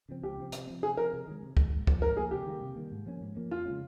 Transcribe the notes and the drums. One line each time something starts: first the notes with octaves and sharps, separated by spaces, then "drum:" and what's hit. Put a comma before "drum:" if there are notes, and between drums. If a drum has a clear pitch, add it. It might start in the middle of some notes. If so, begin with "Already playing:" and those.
C#3 F3 C4
C#2 G4
C#3 F3 C4
C3, drum: hi-hat
F3 C4
C3 G#4
F3 C4 A#4
C3
D#3 G#3
C3
D#3 G#3, drum: kick
G#2
F3 A#3, drum: kick
G#2 A#4
F3 A#3 G#4
C3 G4
D#3 G3 A#3
C3
D#3 G3 A#3
G#2
F3 A#3 C#4
G#2
F3 A#3 C#4
F2 F4
C#3 G#3 C#4